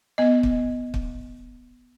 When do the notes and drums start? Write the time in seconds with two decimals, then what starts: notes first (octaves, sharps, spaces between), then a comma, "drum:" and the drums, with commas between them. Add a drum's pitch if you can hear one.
0.18 B3 D#5
0.43 drum: kick
0.94 drum: kick